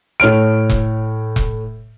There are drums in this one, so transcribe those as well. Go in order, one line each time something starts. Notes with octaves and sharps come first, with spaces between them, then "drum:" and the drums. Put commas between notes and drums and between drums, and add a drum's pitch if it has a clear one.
A2 C#5 F6 D7
drum: kick E1
drum: kick E1